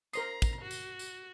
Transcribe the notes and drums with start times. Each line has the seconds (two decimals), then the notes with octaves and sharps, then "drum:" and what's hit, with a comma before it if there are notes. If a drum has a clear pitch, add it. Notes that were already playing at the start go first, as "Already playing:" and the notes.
0.13 A#4 C5 A#5 D#6 C7, drum: tambourine
0.42 drum: kick, tambourine
0.61 F#4
0.71 drum: tambourine
0.99 drum: tambourine